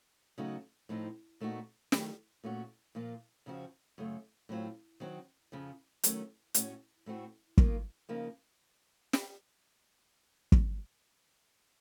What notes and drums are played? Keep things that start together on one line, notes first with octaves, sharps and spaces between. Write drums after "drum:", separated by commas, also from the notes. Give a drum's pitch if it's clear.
C#3 F#3 A3 D#4 F#4
A2 F3 C4 D#4
A#2 A3 C4 D#4 F#4
D#3 F#3 A3, drum: snare
A#2 A3 C#4 F#4
A#2 F3 A#3 F4
F2 C#3 F3 C4 F#4
F#2 C#3 A3
A2 F#3 C4 F4
D#3 F#3 C4 F#4
F2 C#3 F3
D#3 F#3 A3 C#4, drum: hi-hat
A2 A3 C#4 F#4, drum: hi-hat
A2 A3 C4 F#4
D#3 A#3 F4, drum: kick
C#3 F3 A#3 D#4
drum: snare
drum: kick